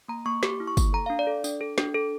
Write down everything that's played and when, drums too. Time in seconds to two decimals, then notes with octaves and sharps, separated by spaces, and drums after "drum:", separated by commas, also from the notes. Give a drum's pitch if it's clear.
0.08 A#3 A#5
0.25 A#3 C#6
0.43 G4 D6, drum: snare
0.60 E4
0.67 C#6
0.77 A#3, drum: kick, tambourine
0.93 A4 A#5
1.06 D4 F5
1.19 D5
1.27 A4
1.44 D4, drum: tambourine
1.61 A4
1.78 D4, drum: snare
1.95 A4